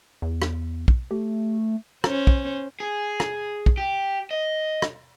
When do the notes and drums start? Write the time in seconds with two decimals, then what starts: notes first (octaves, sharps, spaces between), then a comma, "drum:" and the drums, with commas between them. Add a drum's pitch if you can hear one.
0.22 E2
0.42 drum: rim click
0.88 drum: kick
1.11 A3 G4
2.04 C#4 C5, drum: rim click
2.27 drum: kick
2.80 G#4
3.20 drum: rim click
3.66 drum: kick
3.77 G4
4.31 D#5
4.82 drum: rim click